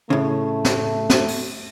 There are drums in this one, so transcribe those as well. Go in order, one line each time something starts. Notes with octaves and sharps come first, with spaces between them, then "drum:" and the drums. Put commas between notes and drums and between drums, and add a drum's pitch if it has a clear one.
A2 C#3 A3
drum: snare
drum: snare
drum: open hi-hat